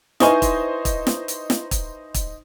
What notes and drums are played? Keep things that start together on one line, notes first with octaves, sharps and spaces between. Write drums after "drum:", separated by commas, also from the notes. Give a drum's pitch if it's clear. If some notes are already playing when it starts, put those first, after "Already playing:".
D#4 E4 B4 C5 D#5 G#5 C#6 D#6, drum: snare
drum: kick, hi-hat
drum: kick, hi-hat
drum: snare
drum: hi-hat
drum: snare
drum: kick, hi-hat
drum: kick, hi-hat